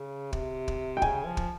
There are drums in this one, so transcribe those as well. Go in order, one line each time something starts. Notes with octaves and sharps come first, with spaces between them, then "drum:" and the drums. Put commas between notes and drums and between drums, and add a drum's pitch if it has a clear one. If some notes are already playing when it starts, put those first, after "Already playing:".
Already playing: C#3
C3, drum: kick
drum: kick
G5
C#3 G#5, drum: kick
F3
drum: kick